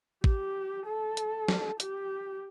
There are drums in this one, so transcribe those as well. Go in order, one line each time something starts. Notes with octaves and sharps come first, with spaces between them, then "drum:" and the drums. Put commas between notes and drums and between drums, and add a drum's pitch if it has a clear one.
G4, drum: kick
A4
drum: hi-hat
drum: snare
G4, drum: hi-hat